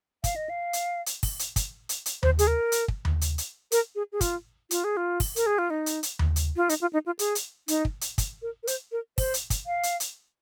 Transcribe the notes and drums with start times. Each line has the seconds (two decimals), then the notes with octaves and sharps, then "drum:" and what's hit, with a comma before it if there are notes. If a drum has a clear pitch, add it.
0.24 F5, drum: kick, hi-hat
0.36 D#5
0.50 F5
0.73 drum: hi-hat
1.06 drum: hi-hat
1.23 drum: kick, open hi-hat
1.39 drum: hi-hat
1.56 drum: kick, hi-hat
1.89 drum: hi-hat
2.06 drum: hi-hat
2.23 C5, drum: tom D#2
2.39 G#4, drum: hi-hat
2.47 A#4
2.72 drum: hi-hat
2.88 drum: kick
3.05 drum: tom D#2
3.21 drum: hi-hat
3.38 drum: hi-hat
3.72 A#4, drum: hi-hat
3.95 G#4
4.12 G#4
4.21 F4, drum: kick, hi-hat
4.71 F4, drum: hi-hat
4.84 G#4
4.97 F4
5.20 drum: kick, open hi-hat
5.36 A#4, drum: hi-hat
5.46 G#4
5.58 F4
5.70 D#4
5.86 drum: hi-hat
6.03 drum: hi-hat
6.19 drum: tom D#2
6.36 drum: hi-hat
6.56 F4
6.69 D#4, drum: hi-hat
6.81 F4
6.93 D#4
7.06 F4
7.19 G#4, drum: hi-hat
7.35 drum: hi-hat
7.68 D#4, drum: hi-hat
7.85 drum: kick
8.01 drum: hi-hat
8.18 drum: kick, hi-hat
8.42 A#4
8.63 A#4
8.67 C5, drum: hi-hat
8.92 A#4
9.18 C5, drum: kick, open hi-hat
9.34 drum: hi-hat
9.50 drum: kick, hi-hat
9.67 F5
9.83 drum: hi-hat
10.00 drum: hi-hat